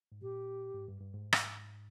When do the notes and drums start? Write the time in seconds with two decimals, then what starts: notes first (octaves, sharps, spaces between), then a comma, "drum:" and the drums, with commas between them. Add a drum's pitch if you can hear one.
0.12 G#2
0.22 A#2 G4
0.75 G#2
0.88 G2
1.01 G2
1.14 G#2
1.33 drum: rim click